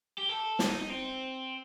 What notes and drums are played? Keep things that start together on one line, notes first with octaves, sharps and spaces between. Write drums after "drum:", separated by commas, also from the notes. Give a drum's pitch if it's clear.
G4
A4
D#4, drum: snare
C4